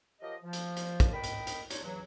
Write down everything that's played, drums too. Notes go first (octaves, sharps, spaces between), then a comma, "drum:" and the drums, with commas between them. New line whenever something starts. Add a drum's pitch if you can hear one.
F3 F#3 G4 A#4 D#5
F3
drum: hi-hat
drum: hi-hat
drum: kick, hi-hat
D#3 D#5 G5 B5
drum: hi-hat
drum: hi-hat
D4 D#4 F4 C#5, drum: hi-hat
C#3 E3 F#3